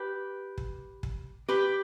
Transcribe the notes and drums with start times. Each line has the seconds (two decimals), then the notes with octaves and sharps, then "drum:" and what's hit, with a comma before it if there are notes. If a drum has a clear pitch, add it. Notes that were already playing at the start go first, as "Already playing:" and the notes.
Already playing: G4 B4
0.58 drum: kick
1.03 drum: kick
1.48 G4 B4